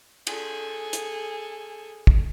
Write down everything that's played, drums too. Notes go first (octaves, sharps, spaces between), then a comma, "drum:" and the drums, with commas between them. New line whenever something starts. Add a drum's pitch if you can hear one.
G#4 A4, drum: cymbal
drum: hi-hat
drum: kick